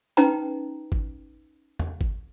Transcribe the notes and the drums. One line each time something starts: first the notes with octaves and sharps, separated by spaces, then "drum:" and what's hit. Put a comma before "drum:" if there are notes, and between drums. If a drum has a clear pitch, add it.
C#4 D#4 B4 G5 A#5, drum: hi-hat
drum: kick G1
drum: tom E2
drum: kick G1